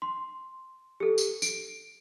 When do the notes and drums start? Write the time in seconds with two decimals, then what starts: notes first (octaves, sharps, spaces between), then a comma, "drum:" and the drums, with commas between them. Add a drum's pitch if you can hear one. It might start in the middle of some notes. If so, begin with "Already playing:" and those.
0.02 C6
1.00 G4 A4
1.18 drum: tambourine
1.42 D7, drum: tambourine